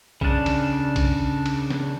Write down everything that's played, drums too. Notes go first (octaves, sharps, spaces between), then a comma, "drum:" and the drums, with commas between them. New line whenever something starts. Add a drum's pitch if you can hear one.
C#3 D4, drum: kick B1
drum: cymbal
drum: kick B1, cymbal
drum: cymbal
drum: snare